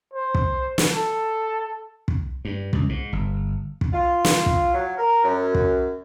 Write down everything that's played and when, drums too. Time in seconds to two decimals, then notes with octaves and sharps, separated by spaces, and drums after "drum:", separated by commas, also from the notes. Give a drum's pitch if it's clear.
0.13 C5
0.35 drum: kick
0.78 drum: snare
0.94 A4
2.08 drum: kick
2.45 G2
2.73 C#2, drum: kick
2.89 G#2
3.13 G1
3.81 drum: kick
3.92 F4
4.25 drum: snare
4.46 drum: kick
4.74 F#3
4.97 A#4
5.24 F#2
5.55 drum: kick